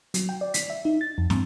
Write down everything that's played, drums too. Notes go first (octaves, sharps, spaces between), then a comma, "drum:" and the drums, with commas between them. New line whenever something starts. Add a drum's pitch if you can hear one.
F#3, drum: hi-hat
G5
D5
B6, drum: hi-hat
E5
D#4
A6
F2
G#2, drum: snare